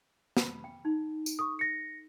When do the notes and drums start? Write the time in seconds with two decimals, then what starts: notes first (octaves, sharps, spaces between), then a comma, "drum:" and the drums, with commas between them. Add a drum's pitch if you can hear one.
0.37 B5, drum: snare
0.64 G5
0.85 D#4
1.26 drum: tambourine
1.39 A4 C#6 D#6
1.59 A#6 C#7